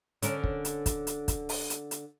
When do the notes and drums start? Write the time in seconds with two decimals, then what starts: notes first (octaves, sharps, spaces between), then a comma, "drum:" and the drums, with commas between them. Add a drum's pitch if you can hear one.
0.22 D3 C#4 A#4, drum: hi-hat
0.44 drum: kick
0.65 drum: hi-hat
0.86 drum: kick, hi-hat
1.07 drum: hi-hat
1.28 drum: kick, hi-hat
1.49 drum: open hi-hat
1.70 drum: hi-hat
1.91 drum: hi-hat